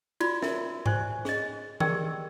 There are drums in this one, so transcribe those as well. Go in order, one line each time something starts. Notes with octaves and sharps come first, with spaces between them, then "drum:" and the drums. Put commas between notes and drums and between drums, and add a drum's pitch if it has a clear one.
F4 F#4 D5 B5, drum: cymbal
A#4 E5, drum: snare
C5 D5 G#5 C#6, drum: tom G#2
G#4 D#5, drum: snare
G4 G#4 A#4 D5 G5 E6, drum: tom D#3